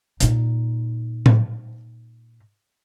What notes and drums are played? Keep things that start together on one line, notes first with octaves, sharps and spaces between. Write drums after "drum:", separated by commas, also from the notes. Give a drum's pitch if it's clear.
A#2 D#4, drum: hi-hat
drum: tom A2